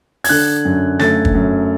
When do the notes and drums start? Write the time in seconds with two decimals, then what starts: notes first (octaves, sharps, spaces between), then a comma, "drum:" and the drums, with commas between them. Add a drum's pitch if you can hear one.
0.24 G#6, drum: open hi-hat
0.29 D3 F#6
0.65 F#2
0.99 A3 A6, drum: snare
1.25 drum: kick
1.35 F#2